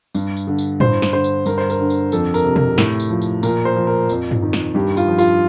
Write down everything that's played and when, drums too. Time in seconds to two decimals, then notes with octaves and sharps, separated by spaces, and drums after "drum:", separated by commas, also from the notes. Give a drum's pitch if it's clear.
0.15 G2, drum: tambourine
0.37 drum: tambourine
0.47 D3
0.59 drum: tambourine
0.80 G2 C5, drum: tom A2
1.02 drum: snare
1.13 D3 C5
1.24 drum: tambourine
1.46 G2 A#4, drum: tambourine
1.58 C5
1.70 A#4, drum: tambourine
1.80 D3
1.90 drum: tambourine
2.12 F2 A4, drum: tambourine
2.34 A#4, drum: tambourine
2.44 C3
2.56 A#4, drum: tom B2
2.78 A2, drum: snare
3.00 drum: tambourine
3.10 F3
3.22 drum: tambourine
3.43 A#2 A#4, drum: tambourine
3.65 C5
3.76 F3
3.87 A#4
4.09 F2, drum: tambourine
4.31 drum: tom G2
4.42 D#3
4.53 drum: snare
4.75 G2 G4
4.97 F4, drum: tambourine
5.08 F3
5.18 F4, drum: tambourine